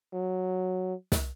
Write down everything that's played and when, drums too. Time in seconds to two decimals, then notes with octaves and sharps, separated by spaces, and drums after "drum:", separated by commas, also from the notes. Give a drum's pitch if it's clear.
0.14 F#3
1.12 drum: snare